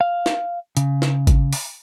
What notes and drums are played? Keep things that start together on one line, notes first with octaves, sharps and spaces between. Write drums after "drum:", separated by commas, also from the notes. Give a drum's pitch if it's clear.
F5
drum: snare
C#3, drum: hi-hat
drum: snare
drum: kick G#1, hi-hat
drum: open hi-hat